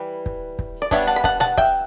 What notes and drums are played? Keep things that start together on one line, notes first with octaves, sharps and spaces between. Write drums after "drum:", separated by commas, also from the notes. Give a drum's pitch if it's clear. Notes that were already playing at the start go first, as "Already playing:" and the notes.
Already playing: E3 G3 B4
drum: kick
drum: kick
D5
G3 B3 D4 C#5 E5, drum: kick
F#5 A5
B5
F#5 A5, drum: kick
F#5 A5, drum: snare
E5 G5, drum: kick